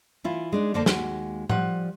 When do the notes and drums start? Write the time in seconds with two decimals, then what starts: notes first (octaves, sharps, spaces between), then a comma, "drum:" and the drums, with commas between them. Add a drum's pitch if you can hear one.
0.24 E3 E4 F4
0.52 G#3 D4 D#4
0.74 F2 D3 A#3 C5 D5 A5
0.86 D#2 G#3 F#4, drum: snare
1.50 F3 G3 F#5, drum: tom A2